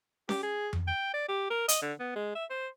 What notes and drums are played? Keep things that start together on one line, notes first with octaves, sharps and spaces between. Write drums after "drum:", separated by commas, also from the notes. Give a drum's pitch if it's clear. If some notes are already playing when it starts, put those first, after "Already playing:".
G4, drum: snare C#4
G#4
drum: tom F2
G5
D5
G4
A#4
D#5, drum: hi-hat
D3
B3
G#3
E5
C5